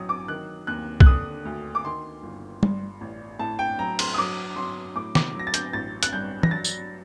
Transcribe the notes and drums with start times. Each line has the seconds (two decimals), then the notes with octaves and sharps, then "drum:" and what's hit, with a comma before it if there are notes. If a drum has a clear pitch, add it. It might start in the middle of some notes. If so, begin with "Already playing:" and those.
Already playing: A1 F#3 D#6
0.09 D6
0.28 D#3 F#6
0.67 D#2 F#6
1.00 F#6, drum: kick C2
1.06 D3 D#6
1.45 D2
1.75 D6
1.84 D#3 C6
2.23 G1
2.63 G2, drum: tom
3.01 A1
3.39 A2 A5
3.59 G5
3.79 F#3 A#5
3.99 C6, drum: cymbal
4.14 D#6
4.18 F#3 D6
4.56 F#3 C6
4.96 A2 D6
5.15 D6, drum: snare
5.35 F#3 A#6
5.47 A6
5.54 G6, drum: hi-hat
5.73 A1 A6
6.03 F#6, drum: hi-hat
6.13 G2 G6
6.43 A#6, drum: tom E3
6.51 F#3 A6
6.64 drum: tambourine